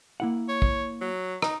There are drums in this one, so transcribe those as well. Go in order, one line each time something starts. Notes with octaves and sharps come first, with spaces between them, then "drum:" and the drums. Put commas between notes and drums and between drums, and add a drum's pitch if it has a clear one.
A#3 E4 F#5
C#5
drum: kick
F#3
D#4 A#5, drum: rim click